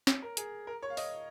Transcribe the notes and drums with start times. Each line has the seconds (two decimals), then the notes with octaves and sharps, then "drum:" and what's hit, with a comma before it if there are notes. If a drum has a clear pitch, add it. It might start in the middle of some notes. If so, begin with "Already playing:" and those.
0.07 C#5, drum: snare
0.22 A#4
0.37 G#4, drum: hi-hat
0.67 A#4
0.82 C#5
0.90 F5
0.97 D#5, drum: open hi-hat